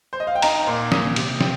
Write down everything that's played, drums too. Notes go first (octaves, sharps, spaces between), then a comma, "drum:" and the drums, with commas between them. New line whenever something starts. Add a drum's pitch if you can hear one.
C5
D#5
F5
G5
D#4 A#5, drum: cymbal
A#2 C6
A#2 D#6, drum: snare
C3, drum: cymbal
C4, drum: snare